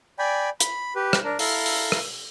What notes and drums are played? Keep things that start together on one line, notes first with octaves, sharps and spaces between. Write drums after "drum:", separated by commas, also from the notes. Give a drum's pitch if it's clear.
D5 G5 G#5 B5
B5, drum: hi-hat
G4 B4
drum: rim click
D4 A#4
E4 A4 F5 A#5, drum: open hi-hat
drum: open hi-hat
drum: rim click